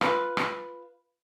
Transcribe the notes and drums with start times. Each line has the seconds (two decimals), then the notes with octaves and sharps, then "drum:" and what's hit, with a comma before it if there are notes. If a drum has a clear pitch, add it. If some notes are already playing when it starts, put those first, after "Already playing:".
0.01 F4 B4, drum: rim click
0.37 drum: rim click